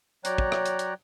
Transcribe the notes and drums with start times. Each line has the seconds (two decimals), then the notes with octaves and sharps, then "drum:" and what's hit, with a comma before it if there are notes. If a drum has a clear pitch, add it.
0.25 F#3 C#5 D5 G5 A#5 F#6, drum: hi-hat
0.38 drum: kick
0.52 drum: rim click
0.66 drum: hi-hat
0.79 drum: hi-hat